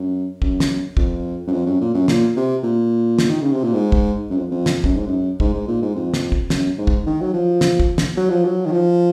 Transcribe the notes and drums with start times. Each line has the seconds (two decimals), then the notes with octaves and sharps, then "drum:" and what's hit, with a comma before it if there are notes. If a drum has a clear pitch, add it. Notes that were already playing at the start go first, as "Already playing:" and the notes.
Already playing: F#2
0.42 F#2, drum: kick
0.60 drum: snare
0.97 F2, drum: kick
1.47 F#2
1.52 F2
1.66 F#2
1.81 A#2
1.94 F#2
2.08 A#2, drum: snare
2.36 C3
2.63 A#2
3.19 drum: snare
3.29 D#3
3.41 C#3
3.52 C3
3.63 A#2
3.73 G#2
3.92 drum: kick
4.30 F#2
4.37 F2
4.51 F2
4.66 drum: snare
4.84 F#2, drum: kick
4.95 G#2
5.07 F#2
5.40 G#2, drum: kick
5.53 G#2
5.67 A#2
5.82 G#2
5.95 F2
6.14 drum: snare
6.32 drum: kick
6.50 F#2, drum: snare
6.78 G#2
6.87 drum: kick
7.06 D#3
7.21 F#3
7.33 F3
7.61 drum: snare
7.80 drum: kick
7.98 drum: snare
8.17 F#3
8.30 F3
8.45 F#3
8.66 D#3
8.72 F3